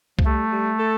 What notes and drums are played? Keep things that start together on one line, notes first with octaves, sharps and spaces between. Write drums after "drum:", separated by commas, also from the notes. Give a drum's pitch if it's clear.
F3, drum: kick
G3 A3
G3
A4